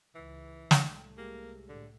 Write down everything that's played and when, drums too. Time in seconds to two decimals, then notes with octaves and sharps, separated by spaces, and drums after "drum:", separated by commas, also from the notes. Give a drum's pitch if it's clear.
0.15 C#2 E3
0.71 C2 A2 A3 G5, drum: snare
1.18 G#3 A#3 G4 G#4
1.68 A2 D3